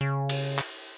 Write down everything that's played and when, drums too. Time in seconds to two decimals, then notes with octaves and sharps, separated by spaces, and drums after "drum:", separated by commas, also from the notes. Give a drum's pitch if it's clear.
0.01 C#3
0.29 drum: cymbal
0.58 drum: clap